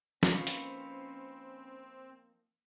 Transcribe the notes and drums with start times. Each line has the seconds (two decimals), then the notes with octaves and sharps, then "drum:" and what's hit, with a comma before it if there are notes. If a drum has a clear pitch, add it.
0.23 F3 A#3 C4 C#4 D#4 B4 F5 C#6, drum: snare
0.47 drum: hi-hat